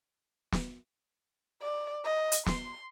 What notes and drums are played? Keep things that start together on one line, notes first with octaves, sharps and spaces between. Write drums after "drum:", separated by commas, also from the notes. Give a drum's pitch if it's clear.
drum: snare
D5
D#5
drum: hi-hat
C6, drum: snare